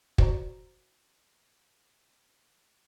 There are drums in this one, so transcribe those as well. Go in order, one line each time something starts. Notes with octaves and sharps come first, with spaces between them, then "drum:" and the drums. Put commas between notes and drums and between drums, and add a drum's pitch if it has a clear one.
F#4 C5 D5 A#5, drum: kick